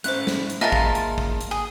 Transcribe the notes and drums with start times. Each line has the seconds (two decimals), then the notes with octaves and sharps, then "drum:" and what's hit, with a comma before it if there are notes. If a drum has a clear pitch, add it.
0.04 A3 C#4 C5 E5 F#6, drum: hi-hat
0.27 drum: snare
0.50 drum: hi-hat
0.61 A#3 F4 G#4 A#4 D#5 E5 G#5 A5
0.72 drum: kick
0.95 drum: hi-hat
1.18 drum: kick
1.41 drum: hi-hat
1.51 G#4